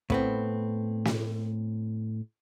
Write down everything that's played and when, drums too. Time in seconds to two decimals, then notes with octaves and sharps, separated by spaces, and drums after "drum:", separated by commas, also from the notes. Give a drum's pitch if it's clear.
0.10 A2 B3 C4, drum: kick
1.05 drum: snare